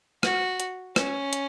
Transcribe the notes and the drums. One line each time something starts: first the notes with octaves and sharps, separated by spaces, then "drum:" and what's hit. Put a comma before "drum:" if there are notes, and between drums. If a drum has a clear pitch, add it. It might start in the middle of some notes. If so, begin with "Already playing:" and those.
F#4, drum: rim click
drum: hi-hat
C#4, drum: rim click
drum: hi-hat